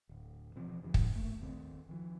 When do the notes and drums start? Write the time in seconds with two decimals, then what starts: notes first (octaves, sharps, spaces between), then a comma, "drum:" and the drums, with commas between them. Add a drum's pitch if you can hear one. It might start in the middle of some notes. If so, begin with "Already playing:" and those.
0.09 D1
0.55 B2 E3 F3 C4
0.83 E2 G2 D3 F3
0.94 drum: kick
1.16 A3 A#3
1.39 D#2 A#3 C4
1.89 D#3 F3